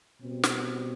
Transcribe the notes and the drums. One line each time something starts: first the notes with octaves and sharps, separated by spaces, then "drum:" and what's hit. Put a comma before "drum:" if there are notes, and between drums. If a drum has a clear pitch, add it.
B2 G3 C4
drum: snare